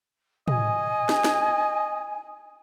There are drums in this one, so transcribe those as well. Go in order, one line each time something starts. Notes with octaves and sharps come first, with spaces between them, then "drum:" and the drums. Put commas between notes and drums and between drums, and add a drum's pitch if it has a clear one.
D#5 G#5, drum: tom
drum: snare
drum: snare